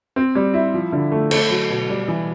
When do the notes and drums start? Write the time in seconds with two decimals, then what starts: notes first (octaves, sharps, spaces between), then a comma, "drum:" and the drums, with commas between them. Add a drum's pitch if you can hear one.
0.16 C4
0.35 G3
0.54 E4
0.74 F3
0.92 D3
1.12 A3
1.31 A3, drum: cymbal
1.50 F#3
1.70 B2
1.89 G3
2.08 E3